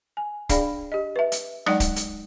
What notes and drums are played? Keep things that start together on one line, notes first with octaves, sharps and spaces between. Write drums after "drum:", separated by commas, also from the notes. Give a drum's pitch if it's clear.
G#5
D4 G#4 D5 F5 G5 B5, drum: kick, hi-hat
G4 D#5
B4 E5
drum: hi-hat
F#3 G#3 D#4 D5 F#5 G5, drum: rim click
drum: kick, hi-hat
drum: hi-hat